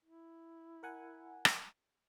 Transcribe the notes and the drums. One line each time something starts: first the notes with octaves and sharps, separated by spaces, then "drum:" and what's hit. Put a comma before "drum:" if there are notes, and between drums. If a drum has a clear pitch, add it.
E4
A#4 F#5 G#5
drum: rim click